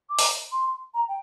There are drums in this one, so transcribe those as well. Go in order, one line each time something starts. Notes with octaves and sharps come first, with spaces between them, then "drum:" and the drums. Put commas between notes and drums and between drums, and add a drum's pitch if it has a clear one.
D6
drum: open hi-hat
C6
A#5
G5